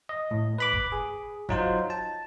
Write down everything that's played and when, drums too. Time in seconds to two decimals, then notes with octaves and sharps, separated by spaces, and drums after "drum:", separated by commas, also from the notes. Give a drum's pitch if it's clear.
0.09 D#5
0.31 A2
0.58 B4 B5 D6
0.73 drum: kick
0.92 G#4
1.49 F#3 D#4 F4 C5, drum: kick
1.90 A5